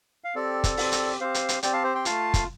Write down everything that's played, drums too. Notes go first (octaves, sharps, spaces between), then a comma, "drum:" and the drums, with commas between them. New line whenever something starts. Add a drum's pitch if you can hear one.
F5
C4 G4 A4 D5
drum: kick, hi-hat
C4 G4, drum: open hi-hat
drum: hi-hat
C4 G4 C5 F5
drum: hi-hat
drum: hi-hat
C4 G4 D5 G5, drum: hi-hat
F5 A5
C5
G5 C6
A3 F4 F5 A5, drum: hi-hat
drum: kick, hi-hat